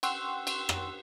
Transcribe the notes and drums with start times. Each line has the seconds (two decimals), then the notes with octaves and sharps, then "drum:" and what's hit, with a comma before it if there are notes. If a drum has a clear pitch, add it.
0.03 F#5 G5 C6 C#6 E6 F#6, drum: cymbal
0.47 drum: cymbal
0.69 drum: rim click